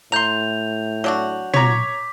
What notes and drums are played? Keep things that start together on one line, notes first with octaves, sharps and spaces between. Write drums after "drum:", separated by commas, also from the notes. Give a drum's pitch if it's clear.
A2 A#5 C6 G6 F7
F#3 D4 F#4
C#5 A#5 D6 B6, drum: tom